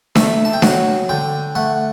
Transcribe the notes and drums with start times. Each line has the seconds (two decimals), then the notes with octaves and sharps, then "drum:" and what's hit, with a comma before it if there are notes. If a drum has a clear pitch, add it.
0.15 A3 E5, drum: snare D4
0.45 A5
0.53 G5
0.62 F#3 F#5, drum: snare D4
1.09 D3 G5
1.55 A3 F#5